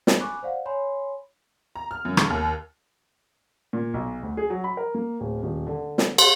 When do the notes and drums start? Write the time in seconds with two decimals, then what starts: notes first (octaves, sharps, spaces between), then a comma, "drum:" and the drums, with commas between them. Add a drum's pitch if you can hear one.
0.07 A6, drum: snare
0.20 G#5 B5 C#6 D6 F#6
0.43 C5 D5 F5 F#5
0.66 C#5 G#5 B5 C6
1.75 A#5
1.91 F6
2.05 F#2
2.17 drum: rim click
2.30 D#2
3.73 A#2
3.94 B1
4.23 D2
4.37 G#4
4.50 F#3
4.64 B5
4.77 A#4
4.95 A#3
5.20 D1
5.43 D#1
5.67 D3
5.98 drum: snare
6.18 C6, drum: cymbal